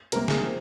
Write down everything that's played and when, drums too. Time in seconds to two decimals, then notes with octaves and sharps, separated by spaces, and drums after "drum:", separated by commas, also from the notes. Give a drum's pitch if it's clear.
0.12 C3 G3 A#3 A#4, drum: hi-hat
0.28 G#4, drum: snare
0.43 F3 C4